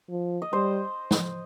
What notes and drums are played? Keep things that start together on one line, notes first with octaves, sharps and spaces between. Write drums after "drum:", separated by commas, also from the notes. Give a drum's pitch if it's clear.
F3
D#5
G3 C5
drum: snare